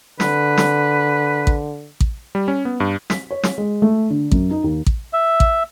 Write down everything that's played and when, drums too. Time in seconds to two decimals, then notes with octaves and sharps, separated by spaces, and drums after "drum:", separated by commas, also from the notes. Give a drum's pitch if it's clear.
0.20 D3 B4, drum: snare
0.57 drum: snare
1.47 drum: kick A1
2.00 drum: kick A1
2.35 G3
2.48 C#4
2.65 B3
2.80 G2
3.10 B6, drum: snare
3.31 C#5
3.43 drum: snare
3.58 G#3
3.82 A3
4.10 D3
4.31 F#2, drum: kick A1
4.51 D#4
4.64 D#2
4.86 drum: kick A1
5.13 E5
5.40 drum: kick A1